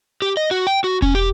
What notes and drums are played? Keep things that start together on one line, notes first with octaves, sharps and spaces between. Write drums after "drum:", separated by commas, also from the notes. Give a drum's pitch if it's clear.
G4
D#5
F#4
G5
F#4
C#4, drum: kick E1
G4